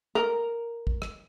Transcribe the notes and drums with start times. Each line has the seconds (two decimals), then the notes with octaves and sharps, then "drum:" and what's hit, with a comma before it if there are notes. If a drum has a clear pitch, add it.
0.15 A#4
0.87 drum: kick
1.02 drum: rim click